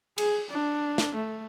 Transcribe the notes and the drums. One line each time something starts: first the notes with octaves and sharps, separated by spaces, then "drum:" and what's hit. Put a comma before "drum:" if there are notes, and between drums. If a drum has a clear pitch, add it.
G#4, drum: cymbal
D4
drum: snare
A3